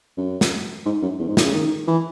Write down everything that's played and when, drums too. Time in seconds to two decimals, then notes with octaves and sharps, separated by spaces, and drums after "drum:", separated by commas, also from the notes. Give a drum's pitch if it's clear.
0.17 F#2
0.41 drum: snare
0.85 G#2
1.02 F#2
1.19 E2
1.28 G#2
1.37 A2, drum: snare
1.45 C#3
1.54 D#3
1.87 E3